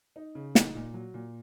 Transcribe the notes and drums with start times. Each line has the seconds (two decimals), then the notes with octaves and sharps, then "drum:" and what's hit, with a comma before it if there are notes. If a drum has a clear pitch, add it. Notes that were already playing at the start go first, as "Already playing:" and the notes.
0.16 D#4
0.35 C#3
0.55 D#4, drum: snare
0.75 A#2
0.94 F#3
1.14 A#2